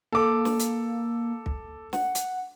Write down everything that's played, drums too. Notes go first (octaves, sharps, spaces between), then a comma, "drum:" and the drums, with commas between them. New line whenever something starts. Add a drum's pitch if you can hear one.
A#3 A4 D6
drum: snare
drum: hi-hat
drum: kick
F#5, drum: snare
drum: hi-hat